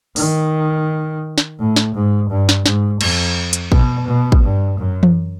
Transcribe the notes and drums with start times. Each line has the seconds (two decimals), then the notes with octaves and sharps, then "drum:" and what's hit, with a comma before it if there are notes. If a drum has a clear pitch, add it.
0.16 D#3, drum: open hi-hat
1.38 drum: snare
1.59 A2
1.76 drum: snare
1.95 G#2
2.29 G2
2.49 drum: snare
2.66 G#2, drum: snare
3.01 F2, drum: cymbal
3.53 drum: hi-hat
3.72 B2, drum: kick
4.07 B2
4.32 drum: kick
4.43 G2
4.79 F#2
5.03 drum: tom E3